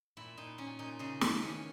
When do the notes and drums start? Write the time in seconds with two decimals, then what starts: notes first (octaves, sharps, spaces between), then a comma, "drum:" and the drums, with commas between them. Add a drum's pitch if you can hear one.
0.17 A#2 E4
0.37 A#2 D#4
0.58 A#2 C#4
0.79 A#2 D#4
0.99 C#3 D#4
1.21 E3, drum: snare
1.42 D#3 C#4